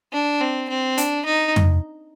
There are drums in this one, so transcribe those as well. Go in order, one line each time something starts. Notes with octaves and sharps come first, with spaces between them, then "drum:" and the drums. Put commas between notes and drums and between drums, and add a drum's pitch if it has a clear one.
D4
C4
C4
D4, drum: hi-hat
D#4
drum: tom